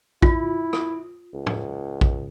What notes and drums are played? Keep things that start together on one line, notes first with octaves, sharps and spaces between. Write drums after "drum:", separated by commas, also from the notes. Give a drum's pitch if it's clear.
E4 F4, drum: kick A#1
drum: rim click
C#2
drum: tom
drum: kick A#1